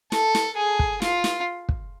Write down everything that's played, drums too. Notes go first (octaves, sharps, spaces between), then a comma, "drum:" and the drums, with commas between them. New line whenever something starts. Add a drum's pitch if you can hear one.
A4, drum: snare
drum: snare
G#4
drum: kick
F4, drum: snare
drum: snare
drum: kick